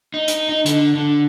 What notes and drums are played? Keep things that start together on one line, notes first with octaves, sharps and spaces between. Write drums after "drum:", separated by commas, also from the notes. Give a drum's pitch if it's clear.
D#4
drum: hi-hat
D#4
D3, drum: hi-hat
D3